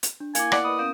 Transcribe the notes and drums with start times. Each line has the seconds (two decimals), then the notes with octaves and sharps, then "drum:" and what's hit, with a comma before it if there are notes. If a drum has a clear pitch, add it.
0.03 drum: hi-hat
0.20 D4
0.35 A#3 E4 A#4 F5 G#5 D6, drum: hi-hat
0.52 D5 F#5, drum: rim click
0.64 B4 D#5 B5 D#6
0.78 B3 C#4 A#4 F5 G6